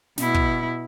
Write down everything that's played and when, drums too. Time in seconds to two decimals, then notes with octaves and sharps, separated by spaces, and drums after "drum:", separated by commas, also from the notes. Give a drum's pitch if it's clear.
0.18 B2 E4, drum: snare
0.34 drum: kick